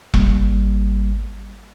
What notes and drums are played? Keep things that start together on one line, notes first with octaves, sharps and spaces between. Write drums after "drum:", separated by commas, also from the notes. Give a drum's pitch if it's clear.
G#1 G3 A#3, drum: kick E1